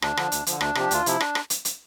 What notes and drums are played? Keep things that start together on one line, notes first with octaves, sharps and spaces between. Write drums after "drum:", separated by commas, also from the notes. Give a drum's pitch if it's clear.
D2 D4, drum: rim click
D3 F3, drum: rim click
D2, drum: hi-hat
D3 F3, drum: hi-hat
D2 D4, drum: rim click
C3 F3 G4, drum: rim click
D2 F4, drum: hi-hat
C3 F3 E4, drum: hi-hat
D4, drum: rim click
drum: rim click
drum: hi-hat
drum: hi-hat